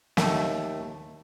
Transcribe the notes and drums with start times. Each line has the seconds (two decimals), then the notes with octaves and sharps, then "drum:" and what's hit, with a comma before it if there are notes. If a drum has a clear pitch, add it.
0.17 D#2 A3, drum: snare